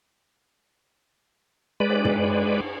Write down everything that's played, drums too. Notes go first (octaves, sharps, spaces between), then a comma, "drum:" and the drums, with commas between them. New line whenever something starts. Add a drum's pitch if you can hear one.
G#3 B4 D5
drum: cymbal
drum: tom